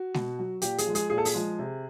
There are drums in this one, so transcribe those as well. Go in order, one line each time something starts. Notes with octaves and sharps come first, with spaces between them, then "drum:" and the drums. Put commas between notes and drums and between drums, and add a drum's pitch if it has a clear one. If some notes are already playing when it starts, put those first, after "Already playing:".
Already playing: F#4
B2, drum: snare
F#3
A#2 G4, drum: hi-hat
G#4, drum: hi-hat
F3 G#3
G#4, drum: hi-hat
A#2 G#4
A4
G#4, drum: open hi-hat
F3 G#3
C3